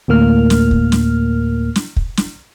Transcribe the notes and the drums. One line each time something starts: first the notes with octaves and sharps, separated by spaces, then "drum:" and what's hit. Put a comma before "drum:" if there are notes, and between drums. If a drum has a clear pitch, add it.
D2 A2 A#3 F6
drum: snare
drum: kick
drum: snare
drum: snare
drum: kick
drum: snare